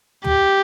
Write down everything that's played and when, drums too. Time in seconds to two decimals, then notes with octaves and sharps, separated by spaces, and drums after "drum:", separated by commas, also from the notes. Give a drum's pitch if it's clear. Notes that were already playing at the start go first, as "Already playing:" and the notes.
0.24 G4, drum: tom